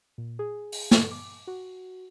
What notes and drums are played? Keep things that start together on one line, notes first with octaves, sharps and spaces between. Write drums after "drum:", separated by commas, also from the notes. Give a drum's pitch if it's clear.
A#2
G#4
drum: open hi-hat
drum: snare
D6
F#4